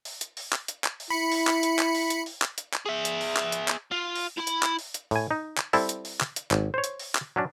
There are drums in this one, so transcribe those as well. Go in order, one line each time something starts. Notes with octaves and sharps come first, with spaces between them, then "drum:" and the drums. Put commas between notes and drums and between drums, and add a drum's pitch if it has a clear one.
drum: open hi-hat
drum: hi-hat
drum: open hi-hat
drum: clap
drum: hi-hat
drum: clap
drum: open hi-hat
E4 B5 C#7
drum: open hi-hat
drum: clap
drum: hi-hat
drum: clap
drum: open hi-hat
drum: hi-hat
drum: open hi-hat
drum: clap
drum: hi-hat
drum: clap
G#4 E5
drum: hi-hat
drum: open hi-hat
drum: clap
drum: hi-hat
drum: clap
F4
drum: open hi-hat
E4 B5
drum: hi-hat
drum: clap
drum: open hi-hat
drum: hi-hat
A2 G#5, drum: open hi-hat
D#4
drum: clap
G3 C4 E4 A4, drum: open hi-hat
drum: hi-hat
drum: open hi-hat
drum: clap
drum: hi-hat
G#1, drum: clap
C5 C#5
drum: hi-hat
drum: open hi-hat
drum: clap
F#3 C#4 D4